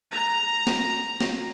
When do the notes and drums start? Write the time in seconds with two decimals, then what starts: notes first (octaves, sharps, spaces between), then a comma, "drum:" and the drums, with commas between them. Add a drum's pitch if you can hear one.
0.13 A#5
0.67 drum: snare
1.21 drum: snare